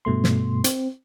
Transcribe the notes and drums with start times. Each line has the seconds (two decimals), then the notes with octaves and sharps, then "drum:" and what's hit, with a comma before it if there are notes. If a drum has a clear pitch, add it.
0.05 G2 B2 A3 C6
0.24 drum: snare
0.64 C4, drum: hi-hat